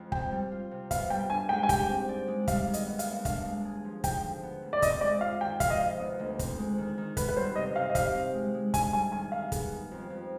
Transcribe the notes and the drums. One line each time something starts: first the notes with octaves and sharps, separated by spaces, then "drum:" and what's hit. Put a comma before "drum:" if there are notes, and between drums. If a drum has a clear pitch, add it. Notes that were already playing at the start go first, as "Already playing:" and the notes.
Already playing: F2 G#3
C4 G5, drum: kick
G3
F4
C3
B3 F5, drum: kick, hi-hat
G3 G5
D4 G#5
G#2 G5
G#5
G4 G5, drum: kick, hi-hat
C4
D5
G#3
G3 F5, drum: kick, hi-hat
D#3
D#5, drum: hi-hat
B3
F5, drum: hi-hat
D#2
D4 F5, drum: kick, hi-hat
G#3
G#4
F3
F3 G5, drum: kick, hi-hat
D3
B3
D2
D5
C4 D#5, drum: kick, hi-hat
G#3 D5
F4 F5
D#3 G5
F3 F5, drum: kick, hi-hat
D#5
C3 F5
B3 D#5
D2
C4, drum: kick, hi-hat
G#3
D#3
D#3
B3 B4, drum: kick, hi-hat
B4
G3 C5
C3 D#5
C3 F5
D#5
G4 F5, drum: kick, hi-hat
C4
G#3
G#3
D4 G#5, drum: kick, hi-hat
G3 G#5
D#3 G#5
D#3 F5
B3 G#4, drum: kick, hi-hat
D#3
F2
F2